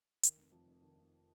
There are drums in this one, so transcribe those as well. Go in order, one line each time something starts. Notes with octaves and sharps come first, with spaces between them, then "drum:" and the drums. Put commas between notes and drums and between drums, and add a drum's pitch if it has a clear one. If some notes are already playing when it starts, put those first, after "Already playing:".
D#3, drum: hi-hat
F1
F2
F1
D#3
F1